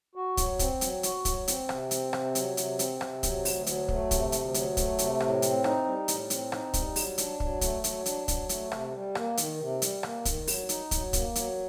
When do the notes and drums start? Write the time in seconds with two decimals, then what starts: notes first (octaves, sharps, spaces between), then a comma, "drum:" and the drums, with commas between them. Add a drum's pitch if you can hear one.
0.15 F#4
0.37 F#3, drum: kick, hi-hat
0.59 C4, drum: kick, hi-hat
0.81 F#3, drum: hi-hat
1.03 F#4, drum: hi-hat
1.25 F#3, drum: kick, hi-hat
1.48 C4, drum: hi-hat
1.69 C3, drum: rim click
1.91 C4, drum: hi-hat
2.13 C3, drum: rim click
2.35 F#3, drum: hi-hat
2.57 C3, drum: hi-hat
2.79 C4, drum: hi-hat
3.01 C3, drum: rim click
3.23 F#3, drum: kick, hi-hat
3.45 D2, drum: open hi-hat
3.66 F#3, drum: hi-hat
3.88 A3, drum: kick
4.11 C3, drum: kick, hi-hat
4.32 D2, drum: hi-hat
4.54 F#3, drum: hi-hat
4.77 A3, drum: kick, hi-hat
4.99 C3, drum: hi-hat
5.20 A2, drum: rim click
5.42 C4, drum: hi-hat
5.64 D#4, drum: rim click
5.86 G3
6.08 A2, drum: hi-hat
6.30 C4, drum: hi-hat
6.52 D#4, drum: rim click
6.74 G3, drum: kick, hi-hat
6.96 F#3, drum: open hi-hat
7.18 D4, drum: hi-hat
7.40 F#3, drum: kick
7.61 A3, drum: kick, hi-hat
7.84 F#3, drum: hi-hat
8.06 D4, drum: hi-hat
8.28 F#3, drum: kick, hi-hat
8.49 A3, drum: hi-hat
8.72 C3, drum: rim click
8.94 G3
9.15 A#3, drum: rim click
9.37 D#3, drum: hi-hat
9.59 C3
9.82 G3, drum: hi-hat
10.03 A#3, drum: rim click
10.25 D#3, drum: kick, hi-hat
10.47 F#3, drum: open hi-hat
10.69 D#4, drum: hi-hat
10.91 F#3, drum: kick, hi-hat
11.13 A#3, drum: kick, hi-hat
11.35 F#3, drum: hi-hat